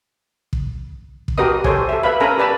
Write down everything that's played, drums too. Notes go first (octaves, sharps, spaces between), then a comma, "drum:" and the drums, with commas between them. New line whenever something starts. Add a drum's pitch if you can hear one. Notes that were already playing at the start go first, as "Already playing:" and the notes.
drum: kick
drum: kick
F#4 G4 A#4 B4 D#5 D#6
G4 A4 C5 C#5 G#5, drum: kick
A4 E5
B4 E5 F5 B5
C#4 A4 A#4 G#5 A#5 B5
G4 B4 D5 A5 B5